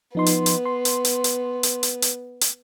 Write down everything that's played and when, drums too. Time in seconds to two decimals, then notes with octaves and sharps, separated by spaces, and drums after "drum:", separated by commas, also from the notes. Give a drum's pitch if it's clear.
0.15 F3 B3 D#4 C6
0.26 drum: hi-hat
0.46 drum: hi-hat
0.66 C6
0.85 drum: hi-hat
1.05 drum: hi-hat
1.24 drum: hi-hat
1.63 drum: hi-hat
1.83 drum: hi-hat
2.02 drum: hi-hat
2.41 drum: hi-hat